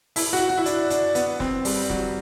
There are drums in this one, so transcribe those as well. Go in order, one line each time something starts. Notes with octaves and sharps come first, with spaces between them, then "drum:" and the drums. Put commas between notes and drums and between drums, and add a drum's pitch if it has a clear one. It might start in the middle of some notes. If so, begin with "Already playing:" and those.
E4, drum: open hi-hat
F#4
F#4
E4
D4, drum: hi-hat
D4, drum: hi-hat
B3, drum: hi-hat
C4, drum: snare
G3, drum: open hi-hat
F#3, drum: snare